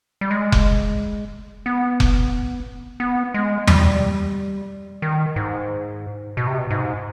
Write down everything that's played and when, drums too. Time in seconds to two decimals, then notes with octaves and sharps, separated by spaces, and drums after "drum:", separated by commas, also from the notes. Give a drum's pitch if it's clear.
0.21 G3
0.31 G#3
0.52 drum: kick F1
1.66 B3
2.00 drum: kick F1
3.00 B3
3.34 G#3
3.67 G3, drum: tom E2
5.02 D#3
5.36 G#2
6.37 B2
6.47 C3
6.58 B2
6.70 G#2